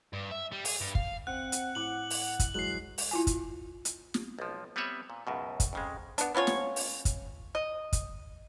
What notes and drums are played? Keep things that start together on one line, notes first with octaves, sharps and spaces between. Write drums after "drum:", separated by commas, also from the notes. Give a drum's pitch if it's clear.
G2
E5
G3
G#4, drum: open hi-hat
G2
F5, drum: kick
C4 F#5 F#6
drum: hi-hat
A2 D6 F#7
drum: open hi-hat
drum: kick, hi-hat
E3 F#3 G#3 F#6 C7 F#7
drum: open hi-hat
E4 F4 G#5
drum: kick, hi-hat
drum: hi-hat
drum: snare
B1 F3
G3 B3 C4 B4 C#5 E5
A#2
C#2 F#2 B2
drum: kick, hi-hat
F2 C#3 G#3
B3 D4, drum: hi-hat
B3 C#4 F4 C#5
drum: snare
drum: open hi-hat
drum: kick, hi-hat
D#5
drum: kick, hi-hat